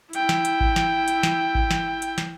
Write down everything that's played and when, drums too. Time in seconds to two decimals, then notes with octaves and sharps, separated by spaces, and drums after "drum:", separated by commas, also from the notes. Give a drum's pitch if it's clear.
0.13 E4 G5, drum: hi-hat
0.29 drum: snare
0.45 drum: hi-hat
0.60 drum: kick G#1
0.76 drum: snare
1.08 drum: hi-hat
1.23 drum: snare
1.55 drum: kick G#1
1.71 drum: snare
2.02 drum: hi-hat
2.18 drum: snare